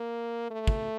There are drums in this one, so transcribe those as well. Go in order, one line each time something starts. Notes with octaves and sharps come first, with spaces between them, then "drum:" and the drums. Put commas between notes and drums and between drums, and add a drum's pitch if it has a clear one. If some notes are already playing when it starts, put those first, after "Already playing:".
Already playing: A#3
A3
drum: kick